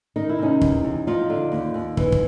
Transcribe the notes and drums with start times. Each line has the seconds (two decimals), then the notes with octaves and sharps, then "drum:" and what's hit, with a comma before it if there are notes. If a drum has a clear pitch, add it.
0.16 D#3 D#4
0.29 E4
0.39 C3 C#4 D#4
0.61 E2, drum: kick
0.83 E2
1.07 F3 D#4 F4
1.30 D3
1.52 D#2
1.74 D#2
1.97 E3, drum: kick
2.12 drum: kick